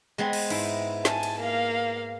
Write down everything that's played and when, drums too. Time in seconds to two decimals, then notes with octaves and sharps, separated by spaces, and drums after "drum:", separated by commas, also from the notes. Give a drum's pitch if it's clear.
0.18 G#3 B3 C4
0.33 drum: cymbal
0.50 G#2 E4, drum: cymbal
1.05 G#5 A5, drum: snare
1.23 drum: cymbal
1.39 A#3 F5